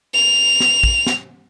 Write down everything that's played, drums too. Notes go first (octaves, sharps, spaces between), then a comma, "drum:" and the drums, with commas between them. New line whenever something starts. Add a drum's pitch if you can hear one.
F7
drum: snare
drum: kick
drum: snare